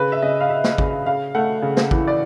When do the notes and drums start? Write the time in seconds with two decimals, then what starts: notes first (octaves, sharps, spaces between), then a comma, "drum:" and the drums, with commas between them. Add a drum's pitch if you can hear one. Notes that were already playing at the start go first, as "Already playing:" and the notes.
Already playing: C#3 B4
0.12 E5
0.22 C#3 D#5
0.40 F5
0.50 C#3 E5
0.64 drum: snare
0.78 C#3, drum: kick
1.06 C#3 F5
1.35 A3 F#5
1.62 C#3
1.77 drum: snare
1.91 E3, drum: kick
2.08 D5